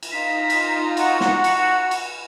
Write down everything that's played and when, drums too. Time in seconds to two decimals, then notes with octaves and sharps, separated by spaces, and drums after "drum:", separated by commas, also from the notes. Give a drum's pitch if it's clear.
0.03 drum: cymbal
0.12 D#4 F4 A#5 B6
0.50 drum: cymbal
0.97 F#4 F#5, drum: cymbal
1.20 drum: snare
1.44 drum: cymbal
1.91 drum: cymbal